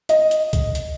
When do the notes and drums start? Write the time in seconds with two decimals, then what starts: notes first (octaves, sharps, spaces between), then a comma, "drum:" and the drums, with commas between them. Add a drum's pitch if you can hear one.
0.09 D#5, drum: hi-hat
0.31 drum: hi-hat
0.53 drum: kick C2, hi-hat
0.75 drum: hi-hat